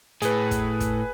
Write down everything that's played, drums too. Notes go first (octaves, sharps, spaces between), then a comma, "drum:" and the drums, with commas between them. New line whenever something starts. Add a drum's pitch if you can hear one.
A2 G#4 B4, drum: hi-hat
drum: kick, hi-hat
drum: kick, hi-hat